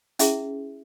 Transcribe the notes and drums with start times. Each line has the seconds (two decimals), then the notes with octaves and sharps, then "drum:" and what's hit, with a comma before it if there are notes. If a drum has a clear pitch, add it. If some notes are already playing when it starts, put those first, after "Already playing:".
0.19 C#4 E4 G#4 E5, drum: hi-hat